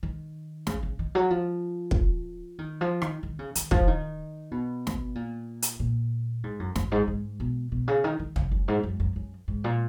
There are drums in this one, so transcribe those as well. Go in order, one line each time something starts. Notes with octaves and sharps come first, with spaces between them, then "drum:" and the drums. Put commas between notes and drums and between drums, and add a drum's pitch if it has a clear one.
D#3
C#3, drum: snare
C#3
D#3
F#3
F3
drum: kick
D#3
F3
D#3, drum: rim click
D#3
C#3
D#3, drum: hi-hat
F3, drum: kick
D#3
B2
drum: snare
A#2
drum: hi-hat
A#2
G#2
F#2
F#2, drum: snare
G#2
G#2
B2
B2
C#3
D#3
D#3
F#2, drum: tom
F#2
G#2
F#2
F#2
F#2
G#2
A#2